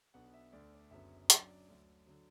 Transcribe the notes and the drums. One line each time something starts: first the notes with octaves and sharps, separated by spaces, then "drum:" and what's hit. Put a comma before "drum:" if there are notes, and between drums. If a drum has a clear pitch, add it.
B1 B2 B3 D4 F#5
E5
D2 D3 A3 D4 D5
D5
F#1 F#2 D3 F#3 B3 E5
F#2 F#3 D4 D5, drum: hi-hat
D2 D3 F#3 A3
D3 F#3